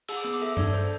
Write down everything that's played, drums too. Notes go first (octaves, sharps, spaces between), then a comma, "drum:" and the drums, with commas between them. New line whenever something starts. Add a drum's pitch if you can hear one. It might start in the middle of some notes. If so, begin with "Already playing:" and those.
G#4 E6, drum: cymbal
D6
B3 E6
D6
A4 E5
D4 D5, drum: tom G2
A4 C5